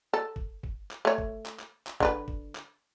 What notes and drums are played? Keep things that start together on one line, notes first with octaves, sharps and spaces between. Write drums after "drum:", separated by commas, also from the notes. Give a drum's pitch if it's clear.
A4
drum: kick
drum: kick
drum: clap
A3 C#5
drum: kick
drum: clap
drum: clap
drum: clap
D3 F4 B4, drum: kick
drum: kick
drum: clap